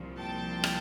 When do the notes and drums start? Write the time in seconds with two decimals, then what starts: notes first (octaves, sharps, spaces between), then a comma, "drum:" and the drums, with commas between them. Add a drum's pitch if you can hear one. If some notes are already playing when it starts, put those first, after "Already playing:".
Already playing: C2 A#2 F3
0.19 G5 A5
0.64 drum: rim click